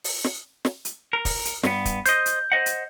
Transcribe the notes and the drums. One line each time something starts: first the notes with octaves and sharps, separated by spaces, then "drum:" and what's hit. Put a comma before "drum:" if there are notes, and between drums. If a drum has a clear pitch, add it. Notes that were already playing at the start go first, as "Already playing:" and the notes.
drum: open hi-hat
drum: snare
drum: snare
drum: hi-hat
A#4
drum: kick, open hi-hat
drum: hi-hat
G2 B3, drum: snare
drum: kick, hi-hat
C5 D#5 G6, drum: hi-hat
drum: hi-hat
C5 D#5 F#5
drum: hi-hat